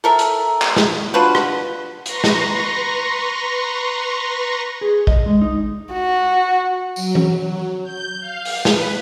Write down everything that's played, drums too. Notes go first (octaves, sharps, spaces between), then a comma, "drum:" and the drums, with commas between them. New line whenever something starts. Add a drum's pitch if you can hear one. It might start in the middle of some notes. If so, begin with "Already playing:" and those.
A4 A#4 E5
drum: hi-hat
drum: clap
drum: snare
D4 F4 F#4 B4
drum: rim click
B4 A#5 C6 C#6 A#6, drum: hi-hat
drum: snare
G#4
D#5, drum: kick
G#3
D#4
F#4
F#3, drum: tambourine
drum: tom E3
F#3
G6
F5
drum: open hi-hat
B4, drum: snare